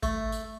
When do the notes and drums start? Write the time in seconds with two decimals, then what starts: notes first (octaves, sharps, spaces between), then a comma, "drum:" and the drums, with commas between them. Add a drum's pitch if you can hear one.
0.03 A3, drum: kick G#1, tambourine
0.32 drum: tambourine